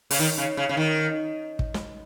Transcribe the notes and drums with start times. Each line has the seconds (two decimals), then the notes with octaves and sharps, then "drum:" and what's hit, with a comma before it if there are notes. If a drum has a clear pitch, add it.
0.11 C#3, drum: open hi-hat
0.19 D#3
0.38 C#3
0.57 C#3
0.69 C#3
0.77 D#3
1.59 drum: kick
1.74 drum: snare